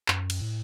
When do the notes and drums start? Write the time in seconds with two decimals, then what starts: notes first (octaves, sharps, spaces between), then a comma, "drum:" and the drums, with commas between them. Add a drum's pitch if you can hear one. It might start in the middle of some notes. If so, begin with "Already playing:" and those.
0.08 F#2, drum: clap
0.30 drum: cymbal
0.41 A2